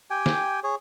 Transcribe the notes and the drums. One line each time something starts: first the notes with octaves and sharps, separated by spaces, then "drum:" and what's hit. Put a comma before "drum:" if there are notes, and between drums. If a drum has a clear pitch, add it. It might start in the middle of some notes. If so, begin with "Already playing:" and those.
G4 G5 G#5
drum: snare
G#4 C#5